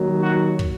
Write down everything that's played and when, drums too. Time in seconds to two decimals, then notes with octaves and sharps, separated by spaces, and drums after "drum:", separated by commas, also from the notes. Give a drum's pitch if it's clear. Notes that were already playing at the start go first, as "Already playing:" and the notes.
Already playing: D#2 D#3 F#3
0.22 F#4
0.59 drum: kick